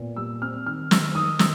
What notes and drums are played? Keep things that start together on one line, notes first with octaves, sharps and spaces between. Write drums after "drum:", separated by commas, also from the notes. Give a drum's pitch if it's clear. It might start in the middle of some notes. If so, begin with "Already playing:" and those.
Already playing: A#2 B3
G3 E6
C4 F6
D#3 F6
D#3 E6, drum: snare
D#3 D#6
D#3 E6, drum: snare